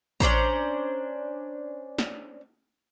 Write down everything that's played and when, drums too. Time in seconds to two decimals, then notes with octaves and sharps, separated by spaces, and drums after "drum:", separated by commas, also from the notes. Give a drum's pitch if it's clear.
0.20 C#4 D4 C5 A#5, drum: kick
1.98 drum: snare